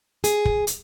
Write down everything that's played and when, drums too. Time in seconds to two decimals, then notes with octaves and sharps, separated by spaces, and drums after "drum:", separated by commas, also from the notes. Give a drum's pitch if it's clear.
0.24 G#4, drum: hi-hat
0.45 drum: kick
0.67 drum: hi-hat